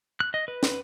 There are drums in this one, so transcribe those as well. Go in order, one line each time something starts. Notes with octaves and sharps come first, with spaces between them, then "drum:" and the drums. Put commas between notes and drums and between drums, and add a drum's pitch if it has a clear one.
F#6
D#5
B4
drum: snare